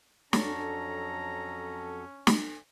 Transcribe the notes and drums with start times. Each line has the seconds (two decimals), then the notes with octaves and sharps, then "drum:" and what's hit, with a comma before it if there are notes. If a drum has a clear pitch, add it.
0.33 F2 F#3 C#4 D4 A4 C#5 A5 A#5, drum: snare
2.27 drum: snare